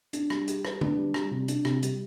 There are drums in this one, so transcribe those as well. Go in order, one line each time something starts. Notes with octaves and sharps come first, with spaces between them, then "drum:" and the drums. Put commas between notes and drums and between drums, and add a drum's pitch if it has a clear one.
D4, drum: hi-hat
G3, drum: rim click
G4, drum: hi-hat
B4, drum: rim click
D4, drum: tom
G3
G3, drum: rim click
C3
D4, drum: hi-hat
C3, drum: rim click
G3, drum: hi-hat